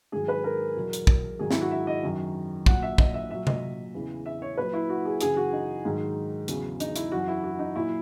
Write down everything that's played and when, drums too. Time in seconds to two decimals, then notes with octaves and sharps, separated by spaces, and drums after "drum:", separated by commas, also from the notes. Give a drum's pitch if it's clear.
0.12 G#2 D#3 F#3 G#4
0.28 B4
0.44 A#4
0.76 E2 B2 F#3
0.93 drum: hi-hat
1.07 drum: kick
1.39 G#2 D#3 F#3 G#4
1.51 E4, drum: snare
1.61 F#4
1.71 E5
1.87 D#5
2.03 F#2 D#3 F#3
2.66 A#2 F#3 F#5, drum: kick
2.83 E5
2.98 D#5, drum: kick
3.14 E5
3.31 A#2 F#3 E5
3.47 D#5, drum: tom C3
3.94 E2 C#3 E3
4.26 E5
4.42 C#5
4.57 A#2 F#3 B4
4.73 E4
4.89 F#4
5.05 G#4
5.21 F#2 C#3 E3 G#4, drum: hi-hat
5.37 F#4
5.53 D#4
5.85 G#2 D#3 F#3
6.48 E2 C#3 F#3, drum: hi-hat
6.80 D#4, drum: hi-hat
6.96 E4, drum: hi-hat
7.12 F#2 E3 F#4
7.28 E4
7.44 F#4
7.59 D#4
7.75 A#2 F#3 E4